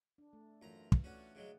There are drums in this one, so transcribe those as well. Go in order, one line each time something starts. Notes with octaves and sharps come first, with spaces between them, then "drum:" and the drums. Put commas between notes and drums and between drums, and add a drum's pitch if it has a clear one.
D4
A3
F#2 E3 A3 F4 A#5
drum: kick
A3 C#4 F#4 D5 F#5
C#3 F#3 G#3